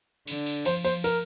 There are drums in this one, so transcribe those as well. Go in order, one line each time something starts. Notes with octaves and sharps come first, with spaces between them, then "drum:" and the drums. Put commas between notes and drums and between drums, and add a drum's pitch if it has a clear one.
D3, drum: cymbal
drum: cymbal
F3 C5, drum: cymbal
C5, drum: cymbal
A#4, drum: cymbal